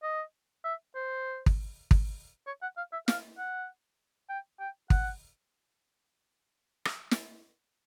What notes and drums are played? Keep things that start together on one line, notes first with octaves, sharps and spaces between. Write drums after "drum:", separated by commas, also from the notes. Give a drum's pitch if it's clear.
D#5
E5
C5
drum: kick
drum: kick
C#5
F#5
F5
E5
F5, drum: snare
F#5
G5
G5
F#5, drum: kick
drum: rim click
drum: snare